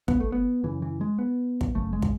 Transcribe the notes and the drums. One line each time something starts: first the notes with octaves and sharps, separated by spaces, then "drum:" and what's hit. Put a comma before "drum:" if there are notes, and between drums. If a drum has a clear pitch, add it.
B3, drum: kick
A3
B3
F#2 C#3 E3
E3
G#3
B3
drum: kick
F#2 C#3 A3
G#3
drum: kick